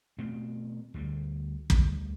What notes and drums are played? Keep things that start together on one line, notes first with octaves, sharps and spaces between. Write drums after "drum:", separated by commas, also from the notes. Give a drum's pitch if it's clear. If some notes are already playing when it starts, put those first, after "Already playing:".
B2 A3 C4
D2 D3 G3
D2 D3 G3, drum: kick